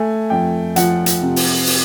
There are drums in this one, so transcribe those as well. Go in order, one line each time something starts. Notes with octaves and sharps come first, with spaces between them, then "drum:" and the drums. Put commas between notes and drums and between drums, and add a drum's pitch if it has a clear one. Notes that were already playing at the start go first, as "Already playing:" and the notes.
Already playing: A3 G#5
F2 G5
F3 F#5, drum: hi-hat
drum: hi-hat
C3
drum: open hi-hat
drum: open hi-hat